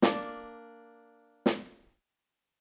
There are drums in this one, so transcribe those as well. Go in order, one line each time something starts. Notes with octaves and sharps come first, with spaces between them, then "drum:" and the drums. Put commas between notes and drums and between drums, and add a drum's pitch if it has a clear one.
A#3 D4, drum: snare
drum: snare